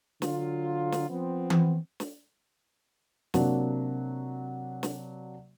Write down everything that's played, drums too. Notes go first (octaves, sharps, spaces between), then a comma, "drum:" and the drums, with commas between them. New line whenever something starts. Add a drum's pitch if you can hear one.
D3 F#3 F4, drum: snare
drum: snare
F3 B3 C4
drum: tom E3
drum: snare
C3 F#3 A#3 D4, drum: snare
drum: snare